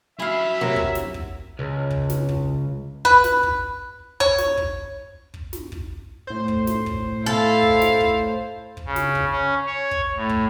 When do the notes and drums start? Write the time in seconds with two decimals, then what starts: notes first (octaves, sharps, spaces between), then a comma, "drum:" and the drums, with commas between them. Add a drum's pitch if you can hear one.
0.20 E4 F#4 E5 F5 G#5
0.61 C3 F#3 A#3
0.76 drum: kick
0.95 drum: snare
1.14 drum: kick
1.59 C#2
1.90 drum: kick
2.10 drum: snare
2.29 drum: kick
3.05 B4, drum: kick
3.24 drum: snare
3.43 drum: kick
4.20 C#5, drum: kick
4.38 drum: snare
4.57 drum: kick
5.34 drum: kick
5.53 drum: snare
5.72 drum: kick
6.27 A2 C5
6.48 drum: kick
6.67 drum: snare
6.86 drum: kick
7.26 E4 A4 F5
7.62 drum: kick
7.82 drum: snare
8.01 drum: kick
8.77 drum: kick
8.86 C#3
8.96 drum: snare
9.15 drum: kick
9.31 C#4
9.67 C#5
9.91 drum: kick
10.16 A2
10.29 drum: kick